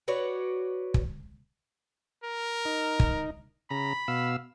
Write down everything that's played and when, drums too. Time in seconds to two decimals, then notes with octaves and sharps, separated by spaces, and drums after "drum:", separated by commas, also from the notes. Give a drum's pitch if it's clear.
0.08 F#4 B4 C#5 D5
0.94 drum: kick
2.24 A#4
2.65 D#4
3.00 drum: kick
3.71 C#3 A#5 B5
4.08 B2 F5 E6